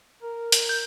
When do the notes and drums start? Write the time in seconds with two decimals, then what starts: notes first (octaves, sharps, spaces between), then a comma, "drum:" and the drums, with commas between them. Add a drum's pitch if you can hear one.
0.22 A#4
0.52 drum: hi-hat
0.69 G6